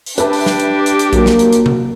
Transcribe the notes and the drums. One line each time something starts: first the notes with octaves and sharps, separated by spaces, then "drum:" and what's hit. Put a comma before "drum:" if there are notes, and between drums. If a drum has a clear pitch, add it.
drum: open hi-hat
D4 G4 B4 E5 A5, drum: hi-hat
drum: open hi-hat
drum: snare
drum: hi-hat
drum: hi-hat
drum: hi-hat
F#3 A#3, drum: kick A#1, hi-hat
drum: snare
drum: hi-hat
drum: hi-hat
drum: tom C3